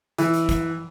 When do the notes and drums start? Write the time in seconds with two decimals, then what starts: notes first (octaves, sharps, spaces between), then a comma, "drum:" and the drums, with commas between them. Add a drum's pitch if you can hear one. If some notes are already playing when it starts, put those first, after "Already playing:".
0.18 E3, drum: hi-hat
0.34 drum: hi-hat
0.49 drum: kick, hi-hat